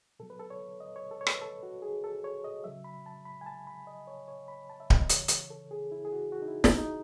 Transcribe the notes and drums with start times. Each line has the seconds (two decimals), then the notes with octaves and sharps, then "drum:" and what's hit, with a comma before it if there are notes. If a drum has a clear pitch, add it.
0.19 B2 F#3 A4
0.30 B4
0.40 A4
0.50 C#5
0.80 D#5
0.96 C#5
1.11 A4
1.21 C#5
1.27 B4, drum: rim click
1.42 A4
1.63 F#4
1.82 G#4
2.04 A4
2.24 C#5
2.44 D#5
2.64 C#3 F#3 E5
2.84 B5
3.06 A5
3.25 B5
3.41 G#5
3.47 A5
3.67 B5
3.87 D#5
4.07 C#5
4.28 C#5
4.48 B5
4.69 A5
4.80 E5
4.90 D#5, drum: kick D1
5.10 C#3 E3 C#5, drum: hi-hat
5.28 drum: hi-hat
5.50 A4
5.71 G#4
5.92 E4
6.05 G#4
6.12 F#4
6.32 F#4
6.42 D#4
6.48 E4
6.64 D#4, drum: snare
6.78 D#4